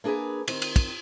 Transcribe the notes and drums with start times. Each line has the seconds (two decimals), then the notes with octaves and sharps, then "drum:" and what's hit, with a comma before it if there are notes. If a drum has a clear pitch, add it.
0.04 A#3 D4 G#4 A#4 B4
0.48 D#3 C4, drum: cymbal
0.62 drum: cymbal
0.76 drum: kick, cymbal